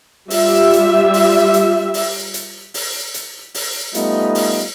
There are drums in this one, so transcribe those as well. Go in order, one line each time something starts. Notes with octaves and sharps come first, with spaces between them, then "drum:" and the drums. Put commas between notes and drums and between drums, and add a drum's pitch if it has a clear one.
G3 F4 G4 E5, drum: open hi-hat
drum: hi-hat
drum: open hi-hat
drum: hi-hat
drum: open hi-hat
drum: hi-hat
drum: open hi-hat
drum: hi-hat
drum: open hi-hat
G3 A3 B3 D#4 F4, drum: hi-hat
drum: open hi-hat